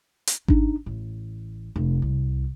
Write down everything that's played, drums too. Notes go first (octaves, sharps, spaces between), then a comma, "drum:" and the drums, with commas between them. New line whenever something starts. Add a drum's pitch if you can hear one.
drum: hi-hat
D4 D#4, drum: kick G#1
A1
F1
C2